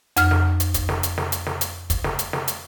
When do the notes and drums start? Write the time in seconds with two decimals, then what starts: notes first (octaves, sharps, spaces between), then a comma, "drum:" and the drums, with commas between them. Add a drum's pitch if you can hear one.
0.17 F2 F6, drum: hi-hat
0.31 drum: snare
0.60 drum: hi-hat
0.74 drum: kick, hi-hat
0.89 drum: snare
1.03 drum: hi-hat
1.18 drum: snare
1.32 drum: hi-hat
1.46 drum: snare
1.61 drum: hi-hat
1.90 drum: kick, hi-hat
2.04 drum: snare
2.19 drum: hi-hat
2.33 drum: snare
2.48 drum: hi-hat